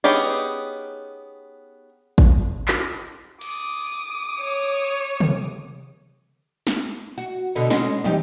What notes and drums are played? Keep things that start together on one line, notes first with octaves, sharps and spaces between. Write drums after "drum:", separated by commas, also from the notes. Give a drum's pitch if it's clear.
B3 C#4 D#4 G4 G#4
drum: kick
drum: clap
D6 D#6, drum: cymbal
C#5
drum: tom
drum: snare
F#4
B2 D3 D#4
G#3 C#4 F#4, drum: snare
F#2 D#4 G4, drum: tom